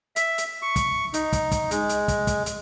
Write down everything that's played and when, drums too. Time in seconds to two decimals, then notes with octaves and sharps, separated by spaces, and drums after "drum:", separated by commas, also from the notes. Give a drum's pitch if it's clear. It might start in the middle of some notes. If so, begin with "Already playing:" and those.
0.16 E5, drum: hi-hat
0.38 drum: hi-hat
0.62 C#6
0.76 drum: kick, hi-hat
1.14 D#4, drum: hi-hat
1.33 drum: kick, hi-hat
1.51 drum: kick, hi-hat
1.71 G#3, drum: hi-hat
1.89 drum: hi-hat
2.08 drum: kick, hi-hat
2.27 drum: kick, hi-hat
2.46 drum: hi-hat